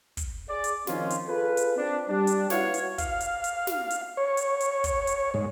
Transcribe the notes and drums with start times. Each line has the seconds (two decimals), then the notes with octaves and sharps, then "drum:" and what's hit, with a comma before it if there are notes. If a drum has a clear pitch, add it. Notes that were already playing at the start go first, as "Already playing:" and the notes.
0.17 drum: kick, hi-hat
0.49 G#4 D5
0.64 drum: hi-hat
0.87 D#3 F3 C4 C#4 D#4 F4, drum: snare
1.10 drum: hi-hat
1.27 F4 G#4 A4 B4
1.57 drum: hi-hat
1.76 C4 D4
2.09 G3 D4
2.27 drum: hi-hat
2.50 E4 F#4 B4 C#5 F5, drum: snare
2.74 drum: hi-hat
2.98 F5, drum: kick, hi-hat
3.20 drum: hi-hat
3.44 drum: hi-hat
3.67 drum: snare
3.90 drum: hi-hat
4.17 C#5
4.37 drum: hi-hat
4.60 drum: hi-hat
4.84 drum: kick, hi-hat
5.07 drum: hi-hat
5.34 G#2